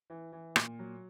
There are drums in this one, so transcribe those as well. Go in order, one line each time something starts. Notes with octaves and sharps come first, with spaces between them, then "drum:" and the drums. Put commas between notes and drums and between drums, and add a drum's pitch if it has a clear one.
E3
E3
A#2, drum: rim click
F#3